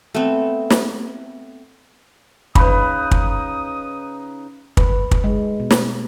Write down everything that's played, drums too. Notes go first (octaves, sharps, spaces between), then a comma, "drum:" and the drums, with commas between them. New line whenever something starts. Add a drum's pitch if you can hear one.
A3 B3 C4
drum: snare
C#3 D#4 B4 B5 D#6, drum: kick
drum: kick
B4, drum: kick
drum: kick
G#3
B2
drum: snare